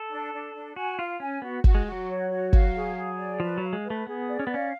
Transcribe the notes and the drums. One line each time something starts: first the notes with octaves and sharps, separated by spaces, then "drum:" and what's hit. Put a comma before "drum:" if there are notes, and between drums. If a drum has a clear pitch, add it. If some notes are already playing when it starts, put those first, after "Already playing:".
Already playing: A4
D4
D4
D4
F#4 G#5
F4 F5
C#4 G#5
B3 F#4
F#4, drum: kick
G#3
F#4
F#3
C#5
F#4
F5, drum: kick
G#4
G#4
D5
F3 B4
F#3
F5
G#3
B4
A3
B3 G#4
D5
C#4
B3
C#4 F5